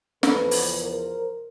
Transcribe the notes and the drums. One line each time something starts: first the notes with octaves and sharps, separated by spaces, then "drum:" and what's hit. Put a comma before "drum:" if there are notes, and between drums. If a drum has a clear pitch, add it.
E2 C#3 F3 A4 B4, drum: snare
drum: open hi-hat
A#4 C5